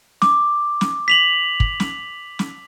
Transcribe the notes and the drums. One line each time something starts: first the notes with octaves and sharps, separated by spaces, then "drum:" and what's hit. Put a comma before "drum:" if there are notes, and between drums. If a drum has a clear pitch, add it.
D6, drum: snare
drum: snare
B6 F7 F#7
drum: kick
drum: snare
drum: snare